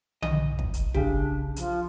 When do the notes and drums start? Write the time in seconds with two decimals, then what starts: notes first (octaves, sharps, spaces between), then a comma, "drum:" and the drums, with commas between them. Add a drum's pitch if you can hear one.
0.22 B1 D#5, drum: tom D3
0.59 drum: kick
0.74 drum: hi-hat
0.95 C#3 D4 G4, drum: kick
1.56 F3, drum: hi-hat